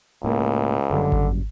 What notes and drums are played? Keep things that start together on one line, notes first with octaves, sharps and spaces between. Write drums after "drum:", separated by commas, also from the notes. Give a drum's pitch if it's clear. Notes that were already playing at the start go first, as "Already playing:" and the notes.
C#2 A2 A#3
F#1 F#2 D3 G3
drum: kick G#1